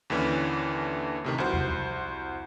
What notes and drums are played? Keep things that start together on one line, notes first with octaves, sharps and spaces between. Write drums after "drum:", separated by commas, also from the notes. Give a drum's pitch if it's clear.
D#2 D3 E3 C#4 D4
A2 C3 D#3
C2 F#4 C5
drum: tom E2